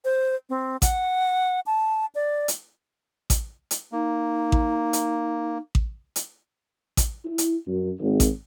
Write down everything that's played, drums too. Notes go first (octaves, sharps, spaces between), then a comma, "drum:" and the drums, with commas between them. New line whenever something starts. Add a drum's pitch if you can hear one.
C5
C4
F#5, drum: kick A1, hi-hat
A5
D5
drum: hi-hat
drum: kick A1, hi-hat
drum: hi-hat
A#3 D#4
drum: kick A1
drum: hi-hat
drum: kick A1
drum: hi-hat
drum: kick A1, hi-hat
E4
drum: hi-hat
F#2
G#1
drum: kick A1, hi-hat